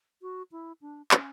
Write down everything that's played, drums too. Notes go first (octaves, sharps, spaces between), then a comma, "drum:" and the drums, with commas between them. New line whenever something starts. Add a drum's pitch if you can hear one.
F#4
E4
D4
C#4, drum: clap